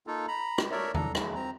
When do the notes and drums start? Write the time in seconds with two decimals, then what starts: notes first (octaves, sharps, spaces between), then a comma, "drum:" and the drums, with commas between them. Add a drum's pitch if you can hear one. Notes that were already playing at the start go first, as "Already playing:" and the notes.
0.07 A#3 D#4 F4 A4
0.28 A#5 B5
0.58 drum: rim click
0.71 A3 A#4 C#5 D5 E5
0.94 D4 A4 A#5, drum: tom E2
1.15 D#2 C#3 E3 F#3 G#3 A3, drum: rim click
1.35 F2 C4 A#5